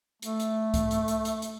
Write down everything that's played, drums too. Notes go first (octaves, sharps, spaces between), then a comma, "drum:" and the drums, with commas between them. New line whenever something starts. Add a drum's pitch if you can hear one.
A3, drum: hi-hat
drum: hi-hat
drum: kick C2, hi-hat
drum: hi-hat
drum: hi-hat
drum: hi-hat
drum: hi-hat